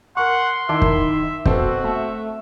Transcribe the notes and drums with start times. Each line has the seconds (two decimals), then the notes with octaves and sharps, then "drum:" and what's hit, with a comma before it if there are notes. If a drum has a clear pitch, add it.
0.17 A#4 F#5 C6 C#6
0.69 D#3 E4 E5 A5 D6
0.82 drum: kick
1.45 B2 C4 F#4 A4 C5, drum: kick
1.84 A3 E5